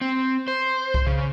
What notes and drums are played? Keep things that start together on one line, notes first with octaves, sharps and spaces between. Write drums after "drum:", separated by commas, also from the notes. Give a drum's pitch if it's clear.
C4
C5
drum: kick C2
C#3